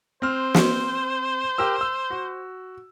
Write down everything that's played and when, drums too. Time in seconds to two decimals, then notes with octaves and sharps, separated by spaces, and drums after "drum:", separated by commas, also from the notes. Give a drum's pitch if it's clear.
0.22 C4 C5 F6
0.54 drum: snare
1.58 G4 A#4 E6
1.81 E6
2.10 F#4